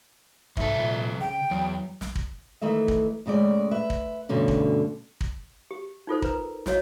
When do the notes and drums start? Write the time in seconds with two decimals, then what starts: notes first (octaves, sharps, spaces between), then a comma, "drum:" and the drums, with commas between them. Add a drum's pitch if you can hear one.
0.57 C2 G#2 A4 E5, drum: kick
0.78 A#2
1.21 C#3 G5
1.51 E2 F#3
2.01 drum: snare
2.15 drum: kick
2.62 D#3 E3 A3 D#5 E5
2.88 drum: kick
3.26 A2 C#3 G#3 D5
3.71 B4 E5
3.90 drum: kick
4.29 D2 G2 B2 D3 C#4
4.48 drum: kick
5.21 drum: kick
5.71 G4
6.07 D#4 F4 A4 C5
6.22 A#4 B4 A#5, drum: kick
6.66 E4 F#4 C#5 D#5 F5, drum: snare